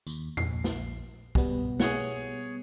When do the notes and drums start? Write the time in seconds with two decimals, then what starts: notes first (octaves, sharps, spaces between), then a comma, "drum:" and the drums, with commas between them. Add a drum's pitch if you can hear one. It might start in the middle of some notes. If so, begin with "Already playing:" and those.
0.07 D#2, drum: tambourine
0.37 A#1 C7, drum: tom E2
0.64 drum: snare
1.35 B2 G3 B3, drum: kick
1.80 G#4 C#5 F#5, drum: snare